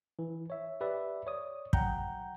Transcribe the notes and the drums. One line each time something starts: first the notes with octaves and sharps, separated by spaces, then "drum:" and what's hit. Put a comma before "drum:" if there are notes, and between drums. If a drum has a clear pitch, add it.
E3
C#5 E5
G4 B4 D5 E5
C#5 D5 D#6
F#3 F#5 G5 A#5 G6, drum: kick